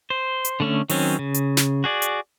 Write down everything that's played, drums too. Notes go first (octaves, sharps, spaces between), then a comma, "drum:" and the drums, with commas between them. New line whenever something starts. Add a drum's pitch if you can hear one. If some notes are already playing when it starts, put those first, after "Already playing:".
C5
drum: hi-hat
D3 A3 C#4
D#3 F#3 C4 C#4, drum: open hi-hat
C#3
drum: hi-hat
drum: snare
F#4 G#4 D5
drum: hi-hat